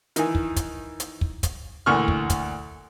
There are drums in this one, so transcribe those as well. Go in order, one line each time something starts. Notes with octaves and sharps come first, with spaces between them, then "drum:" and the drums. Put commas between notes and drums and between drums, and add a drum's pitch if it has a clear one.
D#3 E3, drum: hi-hat
drum: kick
drum: kick, hi-hat
drum: hi-hat
drum: kick
drum: kick, hi-hat
D2 A#2 E3 C#6 F6
drum: kick
drum: kick, hi-hat